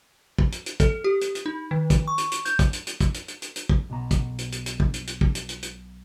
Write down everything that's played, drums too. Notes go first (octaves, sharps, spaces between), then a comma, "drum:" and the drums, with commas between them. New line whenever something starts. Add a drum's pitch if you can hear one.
drum: kick
drum: hi-hat
drum: hi-hat
A4, drum: kick, hi-hat
G4
drum: hi-hat
drum: hi-hat
D#4
D#3
drum: kick, hi-hat
C#6
drum: hi-hat
drum: hi-hat
G6, drum: hi-hat
drum: kick, hi-hat
drum: hi-hat
drum: hi-hat
drum: kick, hi-hat
drum: hi-hat
drum: hi-hat
drum: hi-hat
drum: hi-hat
drum: kick
B1 B2 A#5
drum: kick, hi-hat
drum: hi-hat
drum: hi-hat
drum: hi-hat
drum: kick
drum: hi-hat
drum: hi-hat
drum: kick
drum: hi-hat
drum: hi-hat
drum: hi-hat